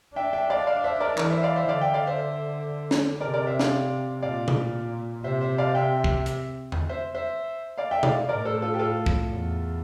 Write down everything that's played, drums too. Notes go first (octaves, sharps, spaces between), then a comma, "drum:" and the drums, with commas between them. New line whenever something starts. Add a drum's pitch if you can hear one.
D4 E5 G5
E5 G5
D5 F5
D5 F5
C5 E5
A#4 D5
E3 A#4 D5, drum: clap
C5 E5
D5 F5
C5 E5
D3 D5 F5
E5 G5
D5 F5
C5 E5
drum: snare
C3 A#4 D5
A#4 D5
C5 E5
D5 F5, drum: snare
A#2 D5 F5
drum: tom B2
C3 C5 E5
C5 E5
D5 F5
E5 G5
drum: kick
drum: hi-hat
drum: tom E2
C5 E5
C5 E5
D5 F5
E5 G5
D5 F5, drum: tom B2
A2 A#4 D5
A4 C5
F4 A4
G4
F4 A4
drum: kick
E2